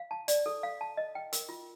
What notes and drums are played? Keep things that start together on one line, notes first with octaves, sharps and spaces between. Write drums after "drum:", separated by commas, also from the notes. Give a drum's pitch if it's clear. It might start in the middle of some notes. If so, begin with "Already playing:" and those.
Already playing: F5
A5
D5, drum: hi-hat
A4
F5
A5
D#5
G5
A#4, drum: hi-hat
F4